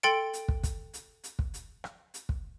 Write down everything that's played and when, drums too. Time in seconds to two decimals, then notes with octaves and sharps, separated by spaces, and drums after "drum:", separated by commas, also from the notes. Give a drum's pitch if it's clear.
0.03 A4 G5 C6 A6 C#7 D7, drum: rim click
0.33 drum: hi-hat
0.48 drum: kick
0.63 drum: kick, hi-hat
0.94 drum: hi-hat
1.24 drum: hi-hat
1.39 drum: kick
1.54 drum: hi-hat
1.84 drum: rim click
2.14 drum: hi-hat
2.29 drum: kick